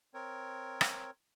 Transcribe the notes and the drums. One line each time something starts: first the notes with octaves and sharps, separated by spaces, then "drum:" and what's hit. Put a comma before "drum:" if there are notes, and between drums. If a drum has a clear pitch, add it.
C4 A#4 C#5
drum: rim click